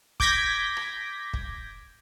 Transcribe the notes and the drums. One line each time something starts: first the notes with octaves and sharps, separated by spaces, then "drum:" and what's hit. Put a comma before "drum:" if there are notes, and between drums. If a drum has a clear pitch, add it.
D6 G6 G#6 A#6 B6, drum: kick
drum: rim click
drum: kick